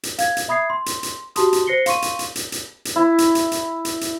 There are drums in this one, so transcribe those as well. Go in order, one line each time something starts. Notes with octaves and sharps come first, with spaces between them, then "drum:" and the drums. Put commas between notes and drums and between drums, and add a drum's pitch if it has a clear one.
drum: hi-hat
F5 G#6, drum: hi-hat
drum: hi-hat
E5 B5 D#6 G#6 C7
C6
drum: hi-hat
drum: hi-hat
F#4 G4 A5 C6 D#6, drum: hi-hat
drum: hi-hat
C5 A#6 C7 C#7 G7
F5 C6 C#6 D#7, drum: hi-hat
drum: hi-hat
drum: hi-hat
drum: hi-hat
drum: hi-hat
drum: hi-hat
E4
drum: hi-hat
drum: hi-hat
drum: hi-hat
drum: hi-hat
drum: hi-hat